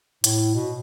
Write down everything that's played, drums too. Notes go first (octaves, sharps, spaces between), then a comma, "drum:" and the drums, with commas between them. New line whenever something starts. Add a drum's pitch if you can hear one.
A2, drum: hi-hat
B2